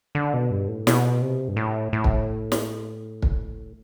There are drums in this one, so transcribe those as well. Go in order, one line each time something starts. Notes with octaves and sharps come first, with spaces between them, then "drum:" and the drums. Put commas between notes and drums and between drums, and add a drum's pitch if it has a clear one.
D3
B2
G2
A2
B2, drum: snare
C3
G2
A2
A2
drum: kick
drum: snare
drum: kick